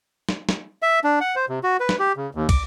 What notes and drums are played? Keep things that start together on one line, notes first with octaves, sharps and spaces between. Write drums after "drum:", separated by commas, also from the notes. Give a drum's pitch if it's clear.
drum: snare
drum: snare
E5
D4
F#5
C5
C3
F#4
B4
drum: snare
G4
C#3
D#2
D6, drum: kick, cymbal